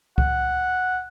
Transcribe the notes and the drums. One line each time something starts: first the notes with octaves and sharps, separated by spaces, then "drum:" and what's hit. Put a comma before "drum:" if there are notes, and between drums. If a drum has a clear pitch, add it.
F#5, drum: kick C#2